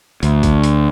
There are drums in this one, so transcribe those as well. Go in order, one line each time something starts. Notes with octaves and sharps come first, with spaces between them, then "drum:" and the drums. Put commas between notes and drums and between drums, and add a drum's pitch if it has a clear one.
D2, drum: hi-hat
drum: kick A#1, hi-hat
drum: hi-hat